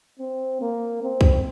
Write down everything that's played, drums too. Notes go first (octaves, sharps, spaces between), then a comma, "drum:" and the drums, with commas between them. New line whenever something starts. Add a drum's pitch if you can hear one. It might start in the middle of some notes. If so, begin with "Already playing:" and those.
C4
A#3
C4
drum: kick C2